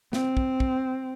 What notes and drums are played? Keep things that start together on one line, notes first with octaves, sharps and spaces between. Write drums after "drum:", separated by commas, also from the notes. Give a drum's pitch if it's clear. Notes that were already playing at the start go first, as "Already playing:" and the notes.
C4, drum: snare
drum: kick
drum: kick